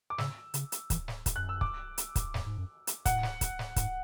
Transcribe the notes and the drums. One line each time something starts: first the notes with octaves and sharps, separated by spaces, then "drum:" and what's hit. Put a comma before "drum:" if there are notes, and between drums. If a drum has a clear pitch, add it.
D6
C#3 E6, drum: snare
C#3, drum: hi-hat
drum: hi-hat
E3, drum: kick, hi-hat
drum: snare
drum: kick, hi-hat
F#2 F#6
E6
D6, drum: kick
drum: hi-hat
drum: kick, hi-hat
E2, drum: snare
G#2
F#2
drum: hi-hat
A2 F#5, drum: kick, hi-hat
drum: snare
drum: kick, hi-hat
drum: snare
G#2, drum: kick, hi-hat